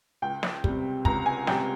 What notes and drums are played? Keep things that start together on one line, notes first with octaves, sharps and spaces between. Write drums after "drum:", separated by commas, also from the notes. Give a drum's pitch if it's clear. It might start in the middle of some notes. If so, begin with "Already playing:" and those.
C#2 G5
drum: snare
C3 G3, drum: kick
C#2 A#5, drum: kick
G#5
C3 G3 G5, drum: snare